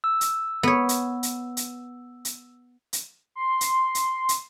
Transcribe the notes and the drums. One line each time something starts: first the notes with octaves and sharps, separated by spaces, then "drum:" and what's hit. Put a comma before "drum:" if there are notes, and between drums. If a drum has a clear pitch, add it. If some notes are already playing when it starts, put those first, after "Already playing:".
E6
drum: hi-hat
B3 C#5
drum: hi-hat
drum: hi-hat
drum: hi-hat
drum: hi-hat
drum: hi-hat
C6
drum: hi-hat
drum: hi-hat
drum: hi-hat